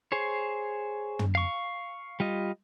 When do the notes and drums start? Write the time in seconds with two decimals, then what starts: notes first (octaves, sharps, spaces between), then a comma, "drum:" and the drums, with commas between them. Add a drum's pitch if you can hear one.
0.12 G#4 C5 C#5
1.19 drum: tom
1.35 F5 C#6
2.20 G3 F4 D#5